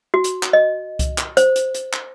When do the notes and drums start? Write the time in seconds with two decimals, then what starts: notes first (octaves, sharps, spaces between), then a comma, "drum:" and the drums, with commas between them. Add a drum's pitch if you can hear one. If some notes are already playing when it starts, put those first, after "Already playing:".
0.14 F#4
0.24 drum: hi-hat
0.43 drum: clap
0.53 D#5
0.99 drum: kick C2, hi-hat
1.18 drum: clap
1.37 C5, drum: hi-hat
1.56 drum: hi-hat
1.74 drum: hi-hat
1.93 drum: clap